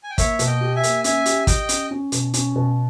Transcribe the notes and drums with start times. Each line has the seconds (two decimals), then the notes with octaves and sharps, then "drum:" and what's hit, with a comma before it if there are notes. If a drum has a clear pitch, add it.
0.03 G#5
0.10 G5
0.18 A#3 C#5 E5, drum: kick, hi-hat
0.39 B2, drum: hi-hat
0.47 D#5 G5
0.61 G4
0.76 E5 G#5
0.83 A#3, drum: hi-hat
1.04 C#4 E5 G#5, drum: hi-hat
1.26 G4, drum: hi-hat
1.47 G4 D#5 G5, drum: kick, hi-hat
1.69 C#4, drum: hi-hat
1.91 C#4
2.12 B2, drum: hi-hat
2.34 C#4, drum: hi-hat
2.56 B2